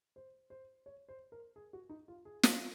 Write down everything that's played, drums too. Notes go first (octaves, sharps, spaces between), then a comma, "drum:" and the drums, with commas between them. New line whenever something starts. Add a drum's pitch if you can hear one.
C5
C5
C#5
C5
A#4
G#4
F#4
D#4
F4
G#4
drum: snare